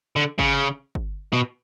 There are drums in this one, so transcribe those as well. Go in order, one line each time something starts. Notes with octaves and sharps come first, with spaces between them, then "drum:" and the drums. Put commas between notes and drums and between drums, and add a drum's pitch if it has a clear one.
D3
C#3, drum: kick
drum: kick
B2